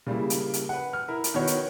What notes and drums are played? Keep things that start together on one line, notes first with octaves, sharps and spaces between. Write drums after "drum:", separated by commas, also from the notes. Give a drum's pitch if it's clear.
C#3 G3 A#3 E4
drum: hi-hat
drum: hi-hat
B4 F#5
F6
E4 A#4
drum: hi-hat
D#3 B3 E4 F#4 C#5
drum: hi-hat